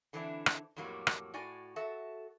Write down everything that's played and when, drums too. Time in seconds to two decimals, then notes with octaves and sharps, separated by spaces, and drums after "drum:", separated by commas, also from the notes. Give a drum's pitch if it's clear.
0.13 D3 E3 A3 C4 D4 E4
0.46 drum: rim click
0.76 F2 A2 F#3 G3 A#3
1.07 drum: rim click
1.34 A2 F#4 D5 G#5
1.76 F#4 A4 E5